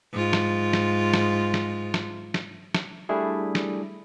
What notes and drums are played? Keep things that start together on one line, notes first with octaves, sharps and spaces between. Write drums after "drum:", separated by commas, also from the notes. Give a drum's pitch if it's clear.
G#2 F4
drum: snare
drum: snare
drum: snare
drum: snare
drum: snare
drum: snare
drum: snare
G3 A3 D4 E4 G#4
drum: snare